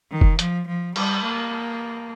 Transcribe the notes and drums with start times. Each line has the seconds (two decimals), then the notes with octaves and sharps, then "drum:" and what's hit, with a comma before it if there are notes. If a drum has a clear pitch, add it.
0.11 D#3
0.21 drum: kick
0.39 F3, drum: hi-hat
0.67 F3
0.96 G3, drum: cymbal
1.23 A#3